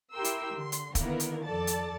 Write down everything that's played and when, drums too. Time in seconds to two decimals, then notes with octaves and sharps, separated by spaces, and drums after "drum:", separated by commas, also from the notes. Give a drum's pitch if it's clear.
0.13 E4 G4 A#4 G5 C6 E6
0.24 drum: hi-hat
0.55 D3 C6
0.72 drum: hi-hat
0.95 D3 D#3 A#3 B3 E4 A#4, drum: kick, hi-hat
1.20 drum: hi-hat
1.43 F2 A4 D5 A5 A6
1.67 drum: hi-hat